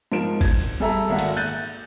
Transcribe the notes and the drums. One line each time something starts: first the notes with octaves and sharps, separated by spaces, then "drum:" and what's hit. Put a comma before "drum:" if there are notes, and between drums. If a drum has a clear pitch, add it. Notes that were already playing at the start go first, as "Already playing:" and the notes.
G#2 F3 A#4 D7 E7
G#6, drum: kick G1, cymbal
G3 G#4 A4 E5 A#5
G#1 A#3 E5 F#5
drum: cymbal
F#6 G6 A6 D#7